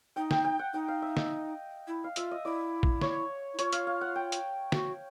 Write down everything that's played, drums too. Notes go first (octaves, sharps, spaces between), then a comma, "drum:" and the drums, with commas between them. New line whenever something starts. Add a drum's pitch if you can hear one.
D#4 G5
G5, drum: snare
G5
F#5
D#4 G5
F5
E5
D#5, drum: snare
E4
F5
F4 E5, drum: hi-hat
D#5
E4 D5
drum: kick A#1
C#5, drum: snare
E4
F4 C#5, drum: hi-hat
F5, drum: hi-hat
F5
F#5
G5
drum: hi-hat
F#4, drum: snare